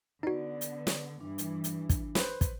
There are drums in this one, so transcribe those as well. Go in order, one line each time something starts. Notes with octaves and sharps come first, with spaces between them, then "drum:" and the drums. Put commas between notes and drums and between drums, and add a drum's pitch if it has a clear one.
D3 B3 D#4 F#4 B4 D5
drum: hi-hat
drum: snare
G2 E3 D4
drum: hi-hat
drum: hi-hat
drum: kick, hi-hat
B4 C5, drum: snare
drum: kick, hi-hat